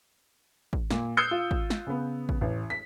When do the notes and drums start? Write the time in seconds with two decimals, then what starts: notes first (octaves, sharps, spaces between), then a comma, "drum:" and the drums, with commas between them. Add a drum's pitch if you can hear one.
0.73 drum: kick
0.91 A#2, drum: snare
1.17 D#6 E6 F#6 G6 C7 C#7
1.31 F4
1.51 drum: kick
1.70 drum: snare
1.87 C#3 B3
2.29 drum: kick
2.41 A1
2.70 B6